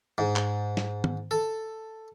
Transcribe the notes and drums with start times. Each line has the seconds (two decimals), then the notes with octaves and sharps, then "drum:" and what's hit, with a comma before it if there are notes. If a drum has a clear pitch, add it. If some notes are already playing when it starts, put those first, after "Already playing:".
0.18 G#2
0.36 drum: clap
0.77 drum: snare
1.04 drum: tom D#3
1.31 A4